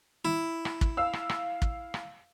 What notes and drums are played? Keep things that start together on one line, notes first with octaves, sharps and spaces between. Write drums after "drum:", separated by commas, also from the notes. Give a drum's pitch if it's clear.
E4
drum: rim click
drum: kick
F5 E6
drum: rim click
drum: rim click
drum: kick
drum: rim click